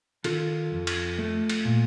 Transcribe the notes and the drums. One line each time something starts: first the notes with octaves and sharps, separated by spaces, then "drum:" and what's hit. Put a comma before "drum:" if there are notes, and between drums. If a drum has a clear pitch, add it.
D#3 F4 A4, drum: cymbal
F2
drum: cymbal
A3
drum: cymbal
A#2